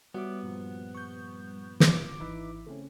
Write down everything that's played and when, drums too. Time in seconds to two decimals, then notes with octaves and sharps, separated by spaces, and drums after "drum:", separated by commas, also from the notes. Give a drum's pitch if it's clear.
0.14 G3 B3 F#4 C#5 E5 D6
0.43 G2 A#2 F3
0.95 C#6 G6
1.80 F4 D6, drum: snare
2.20 G#1 E3 D#4 E4 B4 E5
2.67 C#3 A3 C4 C#4